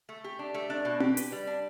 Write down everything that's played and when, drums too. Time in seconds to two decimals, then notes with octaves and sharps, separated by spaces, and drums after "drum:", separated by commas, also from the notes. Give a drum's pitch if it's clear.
0.09 A3
0.24 G4
0.39 D4
0.54 A3
0.70 D4
0.85 B2
1.00 G4, drum: tom C4
1.17 B4, drum: hi-hat
1.32 G3
1.47 D4